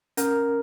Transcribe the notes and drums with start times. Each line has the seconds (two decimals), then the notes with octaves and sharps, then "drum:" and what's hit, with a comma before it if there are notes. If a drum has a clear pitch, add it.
0.17 C#4 A#4, drum: hi-hat